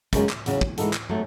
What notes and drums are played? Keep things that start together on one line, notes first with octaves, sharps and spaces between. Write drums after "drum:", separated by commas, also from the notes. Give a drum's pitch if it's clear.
F#2 C#3 G#3 C#4, drum: kick, hi-hat
drum: clap
E2 C#3 F#3, drum: hi-hat
drum: kick
E3 G#3 D#4 F#4 A4, drum: hi-hat
drum: clap
F#3 A3, drum: tom